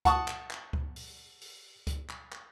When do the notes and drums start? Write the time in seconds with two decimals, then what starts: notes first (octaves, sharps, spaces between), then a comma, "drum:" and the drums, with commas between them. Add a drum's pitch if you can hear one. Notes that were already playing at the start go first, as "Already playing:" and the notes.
0.05 F#5 A5 C#6 D#6, drum: kick C#2, hi-hat
0.28 drum: clap
0.51 drum: clap
0.73 drum: kick C#2
0.96 drum: open hi-hat
1.41 drum: open hi-hat
1.87 drum: kick C#2, hi-hat
2.09 drum: clap
2.32 drum: clap